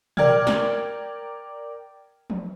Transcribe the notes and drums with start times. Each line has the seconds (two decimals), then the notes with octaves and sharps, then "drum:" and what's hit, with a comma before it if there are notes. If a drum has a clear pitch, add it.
0.17 A#4 D5 G5 F6 G#6, drum: tom
0.47 drum: snare
2.30 drum: tom E3